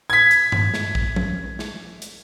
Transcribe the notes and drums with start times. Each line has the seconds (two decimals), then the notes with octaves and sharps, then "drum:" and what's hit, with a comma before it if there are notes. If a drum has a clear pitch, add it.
0.10 G#6 B6
0.31 drum: hi-hat
0.52 drum: tom G2
0.74 drum: snare
0.95 drum: kick A#1
1.16 drum: tom F3
1.59 drum: snare
2.02 drum: hi-hat